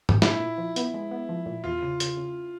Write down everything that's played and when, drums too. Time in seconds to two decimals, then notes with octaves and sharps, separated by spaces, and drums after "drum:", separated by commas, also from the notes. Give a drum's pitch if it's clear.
0.09 drum: tom
0.22 A#2 E4, drum: snare
0.40 A#2
0.58 F3
0.76 B3, drum: hi-hat
0.94 G#3
1.11 B3
1.29 F3
1.46 A#2
1.64 E2 F4
1.82 C#3
2.00 C#3, drum: hi-hat
2.17 C#3